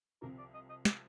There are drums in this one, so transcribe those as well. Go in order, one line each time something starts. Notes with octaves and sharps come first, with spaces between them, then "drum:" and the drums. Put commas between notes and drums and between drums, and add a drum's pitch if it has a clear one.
C2 C3 F3 A#4
D5
D#5
D#5
D5, drum: snare